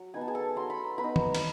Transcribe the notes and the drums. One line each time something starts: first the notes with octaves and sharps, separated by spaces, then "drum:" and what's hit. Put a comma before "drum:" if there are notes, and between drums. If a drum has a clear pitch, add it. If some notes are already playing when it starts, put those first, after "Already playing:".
Already playing: F#3
B3 D#4 G#5
A5
G#4 G#5
A4 A5
F#3 C6
B5
A#5
B3 B4 B5
D#4
drum: tom D#3
B5, drum: cymbal